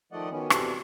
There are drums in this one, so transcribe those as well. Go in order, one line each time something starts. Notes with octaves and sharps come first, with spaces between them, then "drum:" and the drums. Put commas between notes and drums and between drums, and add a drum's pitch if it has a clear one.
D#3 F3 A3 D5 D#5 F#5
D#3 F#3 B3 C#4
B2 E3 G3 C4 A4, drum: rim click